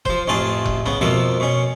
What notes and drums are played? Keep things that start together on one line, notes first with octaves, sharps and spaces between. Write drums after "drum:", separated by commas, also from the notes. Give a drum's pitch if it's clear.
F3 C5, drum: kick F1
A1 F2 A3 F4 G#4 A5
drum: kick F1
C#3 B3, drum: tom B1
F2 B2 F3 A#3 E5
B2 C#4